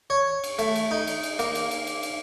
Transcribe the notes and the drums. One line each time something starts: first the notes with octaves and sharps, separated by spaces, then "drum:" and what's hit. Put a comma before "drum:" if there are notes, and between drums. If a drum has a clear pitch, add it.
C#5
drum: cymbal
A3, drum: cymbal
drum: cymbal
D#4
drum: cymbal
drum: cymbal
A#3, drum: cymbal
drum: cymbal
drum: cymbal
drum: cymbal
drum: cymbal